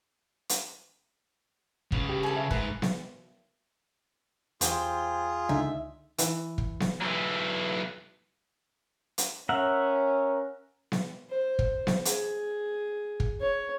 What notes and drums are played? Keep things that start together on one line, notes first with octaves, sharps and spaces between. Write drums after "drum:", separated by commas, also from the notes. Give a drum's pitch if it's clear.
drum: hi-hat
C#3 B4, drum: kick
G4
G#4 A4
E5
G#2 B4, drum: kick
drum: snare B3
E2 F4 G4 G#4 C5, drum: hi-hat
C#2 D3 D#4 E5
E3, drum: hi-hat
drum: kick
drum: snare B3
B1 E3
drum: hi-hat
C#4 A#4 E5 F#5
drum: snare B3
C5
drum: kick
drum: snare B3
G#4, drum: hi-hat
drum: kick
C#5